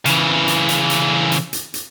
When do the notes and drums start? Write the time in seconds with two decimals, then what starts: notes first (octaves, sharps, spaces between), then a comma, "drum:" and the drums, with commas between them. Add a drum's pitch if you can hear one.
0.06 C#3 E3, drum: hi-hat
0.48 drum: hi-hat
0.69 drum: hi-hat
0.90 drum: hi-hat
1.32 drum: hi-hat
1.53 drum: hi-hat
1.74 drum: hi-hat